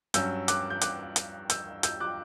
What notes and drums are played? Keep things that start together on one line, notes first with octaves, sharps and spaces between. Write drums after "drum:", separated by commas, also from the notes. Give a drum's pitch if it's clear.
G2 F#3 C#4 E6 G6, drum: hi-hat
D6 F#6, drum: hi-hat
G6
D6 F#6, drum: hi-hat
drum: hi-hat
E6 G6, drum: hi-hat
E6 G6, drum: hi-hat
D6 F#6